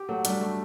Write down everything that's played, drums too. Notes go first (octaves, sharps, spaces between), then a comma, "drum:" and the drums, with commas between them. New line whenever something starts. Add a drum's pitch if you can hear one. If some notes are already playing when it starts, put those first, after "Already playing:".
Already playing: G4
F#3 A3
G3 D4, drum: hi-hat
A3